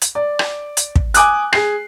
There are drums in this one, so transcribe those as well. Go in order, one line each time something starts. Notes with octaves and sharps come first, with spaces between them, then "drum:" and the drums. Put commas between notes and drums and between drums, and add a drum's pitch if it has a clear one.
drum: hi-hat
D5
drum: rim click
drum: hi-hat
drum: kick
G#5 D6 D#6 F#6, drum: hi-hat
G#4 C7, drum: rim click